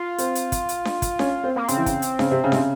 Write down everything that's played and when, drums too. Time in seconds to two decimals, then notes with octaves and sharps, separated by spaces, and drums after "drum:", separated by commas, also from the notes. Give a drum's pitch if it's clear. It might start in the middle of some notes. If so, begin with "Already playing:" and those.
Already playing: F4
0.18 C4, drum: hi-hat
0.35 drum: hi-hat
0.52 drum: kick, hi-hat
0.69 drum: hi-hat
0.85 drum: snare D4
1.02 drum: kick, hi-hat
1.19 C#4, drum: snare D4
1.44 C4
1.56 A#3
1.68 C#3 C4, drum: hi-hat
1.77 E3
1.86 C#3, drum: kick, hi-hat
2.02 drum: hi-hat
2.19 C#3, drum: snare D4
2.31 C3
2.44 C#3
2.52 C3, drum: snare D4
2.56 C#3